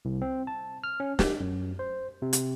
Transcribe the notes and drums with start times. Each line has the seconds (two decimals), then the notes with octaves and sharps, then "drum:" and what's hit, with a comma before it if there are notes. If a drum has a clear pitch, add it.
0.05 C2
0.22 C4
0.47 A5
0.84 F6
1.00 C#4
1.19 G4, drum: snare
1.40 F#2
1.79 C5
2.22 C3
2.33 drum: hi-hat